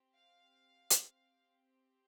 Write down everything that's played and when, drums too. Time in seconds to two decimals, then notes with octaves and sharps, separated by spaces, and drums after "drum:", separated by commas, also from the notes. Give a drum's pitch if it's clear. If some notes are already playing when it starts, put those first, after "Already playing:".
Already playing: C4 G4
0.13 F5
0.90 drum: hi-hat
1.04 C4 G4